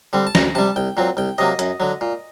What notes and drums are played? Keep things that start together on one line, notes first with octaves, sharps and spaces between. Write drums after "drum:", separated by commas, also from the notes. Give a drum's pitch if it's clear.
D3 G3 C4
A5
D2 A#5, drum: snare
C3 G3 A5
C2 G5
A#2 F#3 C4
C2 G5
C3 F#3 A#3 D#5
F#2, drum: hi-hat
D3 F#3
A#2